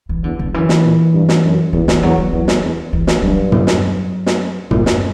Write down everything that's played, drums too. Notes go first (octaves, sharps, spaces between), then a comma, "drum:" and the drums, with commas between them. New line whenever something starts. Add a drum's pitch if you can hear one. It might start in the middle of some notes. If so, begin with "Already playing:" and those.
E3
E2 D3
D3
F#2 E3
drum: snare
A#2
G2
drum: snare
F#2
E2 E3
E3, drum: snare
E2 F#3
F#3
E2 F#3
drum: snare
E2
E3
drum: snare
G2 F#3
drum: tom
drum: snare
drum: snare
A#2 G3, drum: tom
drum: snare